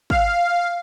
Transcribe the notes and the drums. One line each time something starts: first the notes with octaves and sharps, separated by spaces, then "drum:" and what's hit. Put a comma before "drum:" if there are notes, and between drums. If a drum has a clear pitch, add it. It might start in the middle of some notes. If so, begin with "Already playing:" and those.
F5, drum: kick